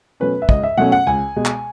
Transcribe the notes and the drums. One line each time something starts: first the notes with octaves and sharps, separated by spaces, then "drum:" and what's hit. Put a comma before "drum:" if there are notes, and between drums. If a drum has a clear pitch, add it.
B2 F#3 A3 C#4 B4
E5
C#2 D#5, drum: kick
E5
B2 F#3 A3 C#4 F#5
F#5
C#2 G#5
B2 G#3
drum: clap